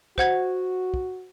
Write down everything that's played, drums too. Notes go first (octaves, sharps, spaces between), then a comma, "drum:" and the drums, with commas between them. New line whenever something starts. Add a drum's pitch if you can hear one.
F#4 C5 F#5 G#6, drum: kick
drum: kick